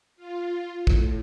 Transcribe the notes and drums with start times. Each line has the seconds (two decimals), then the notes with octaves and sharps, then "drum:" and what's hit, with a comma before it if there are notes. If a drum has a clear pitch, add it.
0.16 F4
0.87 A2, drum: kick